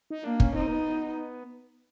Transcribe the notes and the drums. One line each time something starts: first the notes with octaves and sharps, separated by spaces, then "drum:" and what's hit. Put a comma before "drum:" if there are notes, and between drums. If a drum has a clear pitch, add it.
D#4
A#3 D4
C#4, drum: kick
C4 D#4
A#3
B3